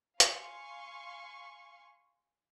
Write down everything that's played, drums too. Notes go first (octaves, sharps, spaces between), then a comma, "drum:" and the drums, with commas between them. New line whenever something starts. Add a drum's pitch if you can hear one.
F5 G#5 C6 C#6, drum: hi-hat